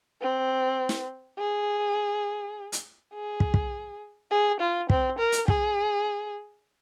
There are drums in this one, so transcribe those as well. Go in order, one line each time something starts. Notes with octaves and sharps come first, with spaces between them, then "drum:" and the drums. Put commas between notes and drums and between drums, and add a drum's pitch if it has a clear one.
C4
drum: snare
G#4
drum: hi-hat
G#4
drum: kick
drum: kick
G#4
F4
C4, drum: kick
A#4
drum: hi-hat
G#4, drum: kick